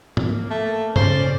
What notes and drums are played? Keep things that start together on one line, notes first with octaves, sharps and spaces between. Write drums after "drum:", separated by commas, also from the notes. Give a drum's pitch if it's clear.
A#3, drum: tom
A3
A2 C#3 C#4 C5 D5, drum: tom G2